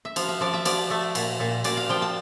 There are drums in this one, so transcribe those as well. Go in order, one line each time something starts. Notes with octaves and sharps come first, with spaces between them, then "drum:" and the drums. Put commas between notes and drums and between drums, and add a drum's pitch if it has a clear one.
E5
F3 F5, drum: cymbal
E5
F3 D5
E5
F3 D5, drum: cymbal
A3
A#2, drum: cymbal
A#2
A#2 D5, drum: cymbal
F5
F3 G5
A5